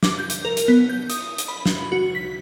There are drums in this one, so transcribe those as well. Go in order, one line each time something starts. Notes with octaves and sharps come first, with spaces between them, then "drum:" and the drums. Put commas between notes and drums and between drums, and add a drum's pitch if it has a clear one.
D6, drum: snare
G6
drum: hi-hat
A#4
drum: hi-hat
B3
G6
D#6, drum: hi-hat
drum: hi-hat
B5
drum: snare
F#4
B6